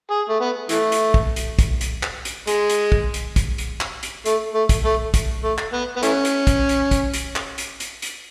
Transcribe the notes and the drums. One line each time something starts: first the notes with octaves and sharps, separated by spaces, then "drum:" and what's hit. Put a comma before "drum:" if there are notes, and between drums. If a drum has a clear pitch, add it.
G#4
A3
B3
E3 A3, drum: hi-hat
drum: hi-hat
drum: kick
drum: hi-hat
drum: kick, hi-hat
drum: hi-hat
drum: clap
drum: hi-hat
G#3, drum: hi-hat
drum: hi-hat
drum: kick
drum: hi-hat
drum: kick, hi-hat
drum: hi-hat
drum: clap
drum: hi-hat
A3, drum: hi-hat
A3
drum: kick, hi-hat
A3
drum: kick, hi-hat
A3
drum: clap
B3
B3
E3 A3 C#4, drum: hi-hat
drum: hi-hat
drum: kick, hi-hat
drum: hi-hat
drum: kick, hi-hat
drum: hi-hat
drum: clap
drum: hi-hat
drum: hi-hat
drum: hi-hat